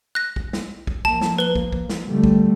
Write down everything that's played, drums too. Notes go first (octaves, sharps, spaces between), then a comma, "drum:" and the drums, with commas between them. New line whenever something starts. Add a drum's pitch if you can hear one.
F#6 A#6
drum: kick
drum: snare
drum: kick
F3 A#3 A5, drum: kick
drum: snare
B4 G7
drum: kick
drum: kick
drum: snare
D3 G3 A3
drum: kick